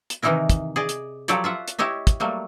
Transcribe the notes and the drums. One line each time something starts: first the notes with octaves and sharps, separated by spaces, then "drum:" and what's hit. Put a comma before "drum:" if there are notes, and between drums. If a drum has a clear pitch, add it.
drum: hi-hat
C3 D#3 E3 D#4 E4 A#4
drum: kick, hi-hat
G#4 D5 D#5
drum: hi-hat
F3 F#3 G4 A4 C#5 D5, drum: hi-hat
F4 E5 F#5
drum: hi-hat
E4 G4 C#5 D#5 E5
drum: kick, hi-hat
F#3 G3 A3 A#3